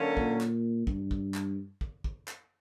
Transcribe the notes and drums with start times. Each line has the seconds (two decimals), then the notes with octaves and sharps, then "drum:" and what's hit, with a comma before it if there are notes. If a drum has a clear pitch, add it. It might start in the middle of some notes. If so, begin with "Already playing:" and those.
Already playing: D3 F#3 A#3 C#4
0.17 A#2, drum: kick
0.41 drum: clap
0.87 G2, drum: kick
1.11 drum: kick
1.34 drum: clap
1.81 drum: kick
2.04 drum: kick
2.28 drum: clap